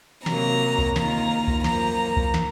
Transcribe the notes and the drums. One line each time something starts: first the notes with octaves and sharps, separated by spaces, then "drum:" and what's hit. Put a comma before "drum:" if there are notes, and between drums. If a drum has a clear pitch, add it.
C3 F#3 A#3 A#5, drum: snare
drum: kick C2
D#3 A#3 F4 A#5, drum: snare
drum: kick C2
F#2 F3 A#3 A#5, drum: snare
drum: kick C2
drum: snare